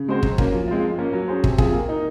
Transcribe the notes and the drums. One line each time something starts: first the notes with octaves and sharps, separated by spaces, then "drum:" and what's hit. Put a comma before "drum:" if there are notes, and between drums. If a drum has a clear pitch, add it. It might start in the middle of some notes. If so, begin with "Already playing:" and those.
Already playing: C#3
G#3 C4 F#4 C5
F#3, drum: kick
A#3 C#4, drum: kick
F3
G#3 C4 F4
F3
A#3 C#4
F#3
C#4 G#4 C5
C3, drum: kick
F3 C4 F4 G#4, drum: kick
A#3
D#4 A#4